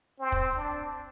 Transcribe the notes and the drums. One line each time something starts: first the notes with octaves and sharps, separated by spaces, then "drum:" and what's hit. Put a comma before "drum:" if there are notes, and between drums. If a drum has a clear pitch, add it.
C4
drum: kick
D4